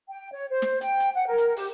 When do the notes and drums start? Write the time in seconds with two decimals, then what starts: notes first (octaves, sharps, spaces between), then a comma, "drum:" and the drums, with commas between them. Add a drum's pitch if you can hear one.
0.09 G5
0.32 C#5
0.50 C5
0.62 drum: snare
0.81 G5, drum: hi-hat
1.00 drum: hi-hat
1.14 F#5
1.27 A#4
1.38 drum: hi-hat
1.57 G4, drum: open hi-hat